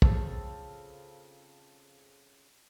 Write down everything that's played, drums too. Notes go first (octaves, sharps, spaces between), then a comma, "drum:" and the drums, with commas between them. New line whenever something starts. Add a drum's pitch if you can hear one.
C#3 C4 F4 A4, drum: kick